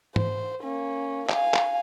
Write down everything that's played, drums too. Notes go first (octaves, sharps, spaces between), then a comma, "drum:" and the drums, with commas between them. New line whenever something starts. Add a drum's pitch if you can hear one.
C5, drum: tom G#2
A#3 C#4
F5 G#5, drum: clap
drum: clap